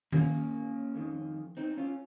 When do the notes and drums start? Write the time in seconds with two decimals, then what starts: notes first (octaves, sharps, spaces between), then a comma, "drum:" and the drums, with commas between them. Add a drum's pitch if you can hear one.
0.12 A#3 C#4, drum: tom D#3
0.95 F2 D#3 G#3
1.57 C4 D#4
1.77 C#4 F4